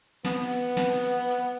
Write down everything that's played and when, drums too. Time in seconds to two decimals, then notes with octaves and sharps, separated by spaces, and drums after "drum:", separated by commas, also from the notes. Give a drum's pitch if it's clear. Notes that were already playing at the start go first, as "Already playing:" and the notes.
0.24 B3, drum: snare
0.51 drum: hi-hat
0.77 drum: snare
1.03 drum: hi-hat
1.29 drum: hi-hat